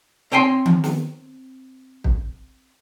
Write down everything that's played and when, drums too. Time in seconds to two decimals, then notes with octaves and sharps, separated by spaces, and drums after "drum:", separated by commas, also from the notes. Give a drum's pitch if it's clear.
0.32 C4 C#5 G5 G#5 C6
0.66 drum: tom D#3
0.84 drum: snare
2.04 drum: kick